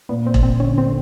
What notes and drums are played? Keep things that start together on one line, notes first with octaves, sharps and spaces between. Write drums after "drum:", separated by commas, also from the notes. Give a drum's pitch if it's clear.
A#2 B3
C4
A#2, drum: kick E1
C4
D3 C#4
C4
D3